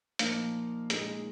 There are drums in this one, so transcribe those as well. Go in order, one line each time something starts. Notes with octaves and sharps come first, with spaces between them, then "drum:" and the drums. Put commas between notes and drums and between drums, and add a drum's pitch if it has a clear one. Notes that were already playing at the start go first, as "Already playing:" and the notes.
A#2 F3 A#3 D#4 F5, drum: hi-hat
A#2 G#3 D#4, drum: hi-hat